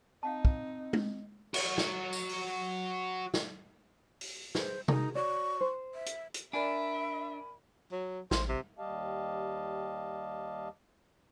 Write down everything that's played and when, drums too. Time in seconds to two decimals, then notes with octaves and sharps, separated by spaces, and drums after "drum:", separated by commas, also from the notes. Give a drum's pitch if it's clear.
0.23 C4 D#4 F5 F#5 A5
0.45 drum: kick
0.93 drum: tom
1.54 F#4 C#5, drum: cymbal
1.78 drum: snare
2.13 drum: tambourine
2.29 drum: open hi-hat
3.34 drum: snare
4.21 drum: open hi-hat
4.55 G#4 B4 C5, drum: snare
4.88 D#4 F#4 G#4 A#4, drum: tom C3
5.15 F#4 C#5 D5 C#6
5.61 C5
5.95 E5
6.06 drum: hi-hat
6.34 drum: hi-hat
6.53 D4 A#4 D5 E5 G#5 B5
7.92 F#3
8.31 A1 C5, drum: snare
8.49 C3
8.79 D#2 G3 G4 D#5 F5 A5